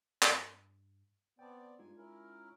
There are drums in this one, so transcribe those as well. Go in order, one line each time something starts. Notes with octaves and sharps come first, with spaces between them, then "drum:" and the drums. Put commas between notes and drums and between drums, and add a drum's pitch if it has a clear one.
G2, drum: clap
B3 C4 D5 G5 A5
G2 G#3 D#4 F4 G#5
C#4 E4 A#4